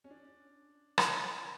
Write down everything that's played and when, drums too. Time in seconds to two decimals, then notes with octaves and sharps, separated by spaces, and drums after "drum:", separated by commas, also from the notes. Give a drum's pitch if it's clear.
0.04 C#4
0.10 D4
0.98 drum: rim click